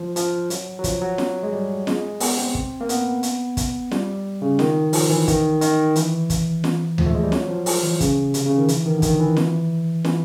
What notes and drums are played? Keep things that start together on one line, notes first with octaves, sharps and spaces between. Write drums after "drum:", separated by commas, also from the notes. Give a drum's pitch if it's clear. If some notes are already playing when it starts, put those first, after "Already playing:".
Already playing: F3
F3, drum: hi-hat
F#3, drum: hi-hat
F#3
F3, drum: kick, hi-hat
F#3
drum: snare
G#3
G3
G#3, drum: snare
B3, drum: open hi-hat
C4
drum: kick
A#3
B3, drum: hi-hat
drum: hi-hat
drum: kick, hi-hat
G3, drum: snare
C#3
D#3, drum: snare
F3, drum: open hi-hat
E3
D#3, drum: kick, hi-hat
D#3, drum: hi-hat
E3, drum: hi-hat
drum: kick, hi-hat
drum: snare
F3, drum: tom D2
A3
G#3
G3
F#3, drum: snare
F3
F3, drum: open hi-hat
E3
C#3, drum: kick, hi-hat
C3, drum: hi-hat
C#3
D#3
E3, drum: hi-hat
D#3
D3
D#3, drum: kick, hi-hat
E3
drum: snare
E3, drum: snare